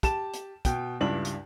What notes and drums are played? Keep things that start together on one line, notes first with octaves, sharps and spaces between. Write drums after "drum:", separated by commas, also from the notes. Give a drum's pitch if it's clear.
G4 A5 E7, drum: kick, hi-hat
drum: hi-hat
B2 G5, drum: kick, hi-hat
C#2 G2 D4 E4 F#7
drum: hi-hat